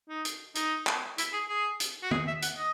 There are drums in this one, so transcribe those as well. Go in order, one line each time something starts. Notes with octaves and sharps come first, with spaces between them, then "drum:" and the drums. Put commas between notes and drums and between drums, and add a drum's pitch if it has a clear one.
D#4
drum: hi-hat
D#4, drum: hi-hat
drum: clap
E4, drum: hi-hat
G#4
G#4
drum: hi-hat
F#4
G#4, drum: tom
E5
F#5, drum: hi-hat
D#5